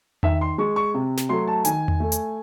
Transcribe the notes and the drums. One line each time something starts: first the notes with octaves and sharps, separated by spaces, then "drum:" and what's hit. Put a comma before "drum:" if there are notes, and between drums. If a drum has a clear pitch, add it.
D#3 E5, drum: tom E2
C6
G#3 C#6
C#6
C3
drum: snare
F#3 A3 C6
A5
D#3 G#5, drum: hi-hat
drum: tom E2
A3
drum: hi-hat